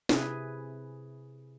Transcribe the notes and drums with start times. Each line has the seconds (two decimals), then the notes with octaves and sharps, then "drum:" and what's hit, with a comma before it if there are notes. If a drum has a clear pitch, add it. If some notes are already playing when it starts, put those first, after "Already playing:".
0.09 C3 E4 G#4 B4, drum: snare